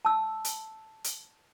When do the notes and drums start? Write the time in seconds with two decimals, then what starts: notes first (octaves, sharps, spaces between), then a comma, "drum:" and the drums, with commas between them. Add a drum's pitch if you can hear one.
0.05 A5 E6
0.45 drum: hi-hat
1.04 drum: hi-hat